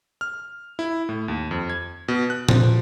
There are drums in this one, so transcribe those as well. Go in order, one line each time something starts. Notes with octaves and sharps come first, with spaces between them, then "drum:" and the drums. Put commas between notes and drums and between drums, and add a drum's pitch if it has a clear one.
F6
E4
A2
D#2
F2
G#6
B2
F#6
F3, drum: tom A#2